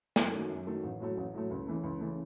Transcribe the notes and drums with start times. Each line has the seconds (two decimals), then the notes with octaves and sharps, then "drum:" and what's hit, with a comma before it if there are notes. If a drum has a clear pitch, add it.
0.16 F#2, drum: snare
0.32 D#3 F#3 A3
0.50 F#2
0.66 D#3 F#3 A3
0.83 A1
1.00 A2 F#3 A3
1.17 A1
1.33 A2 F#3 A3
1.50 C#2
1.67 C#3 E3 A3
1.83 C#2
2.00 C#3 E3 A3